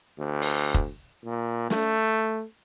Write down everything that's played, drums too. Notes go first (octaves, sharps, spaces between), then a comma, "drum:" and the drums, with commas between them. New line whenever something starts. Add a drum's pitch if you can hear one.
D2
drum: open hi-hat
drum: kick F1
A#2
A3, drum: snare